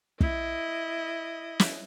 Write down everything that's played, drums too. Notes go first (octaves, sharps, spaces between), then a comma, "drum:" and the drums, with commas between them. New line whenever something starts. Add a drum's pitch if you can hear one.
E4 D#5, drum: kick
drum: snare